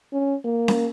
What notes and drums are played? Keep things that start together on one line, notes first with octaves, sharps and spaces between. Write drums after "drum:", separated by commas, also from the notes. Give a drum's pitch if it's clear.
C#4
A#3
drum: snare C#4